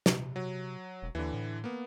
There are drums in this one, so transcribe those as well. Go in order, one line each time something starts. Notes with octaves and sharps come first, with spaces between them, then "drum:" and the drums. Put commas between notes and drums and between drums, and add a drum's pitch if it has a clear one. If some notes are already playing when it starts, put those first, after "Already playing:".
C3, drum: snare
F#3
E1
D#2 D3 E3
A2
A#3 B3